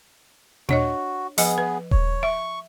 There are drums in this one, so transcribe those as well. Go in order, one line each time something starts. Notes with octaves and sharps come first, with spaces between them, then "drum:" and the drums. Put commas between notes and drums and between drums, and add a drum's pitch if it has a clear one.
D4 F#4 C#5 D#5, drum: tom A#2
F3 B3 G#4 D#5, drum: open hi-hat
B4
C#5, drum: kick D#1
E5 C#6